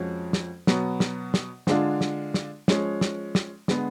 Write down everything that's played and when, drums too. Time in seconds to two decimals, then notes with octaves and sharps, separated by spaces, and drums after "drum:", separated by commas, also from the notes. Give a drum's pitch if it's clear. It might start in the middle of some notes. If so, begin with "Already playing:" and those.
Already playing: F2 F3 G#3 C#4 F#4
0.33 drum: snare
0.67 B2 F#3 B3, drum: snare
1.00 drum: snare
1.34 drum: snare
1.67 D3 G#3 D4 F4, drum: snare
2.01 drum: snare
2.34 drum: snare
2.68 F3 G#3 C#4, drum: snare
3.01 drum: snare
3.35 drum: snare
3.68 D3 G#3 B3, drum: snare